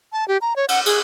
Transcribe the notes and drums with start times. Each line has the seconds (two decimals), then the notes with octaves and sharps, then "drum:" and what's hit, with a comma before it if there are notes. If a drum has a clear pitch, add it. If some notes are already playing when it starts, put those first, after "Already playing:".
0.12 A5
0.28 G4
0.42 A#5
0.56 C#5
0.69 F#5, drum: cymbal
0.86 G#4, drum: cymbal